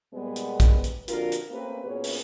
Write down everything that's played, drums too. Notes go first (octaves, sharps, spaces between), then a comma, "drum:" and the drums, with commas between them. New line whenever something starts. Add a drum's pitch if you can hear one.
A#2 G3 G#3 B3
drum: hi-hat
drum: kick, hi-hat
drum: hi-hat
F2 A#2 D3 F4 F#4 A#4, drum: hi-hat
drum: hi-hat
A3 A#3 C4 C#4 G4 B4
F#2 A#2 B3 C#4 G#4 C#5
drum: open hi-hat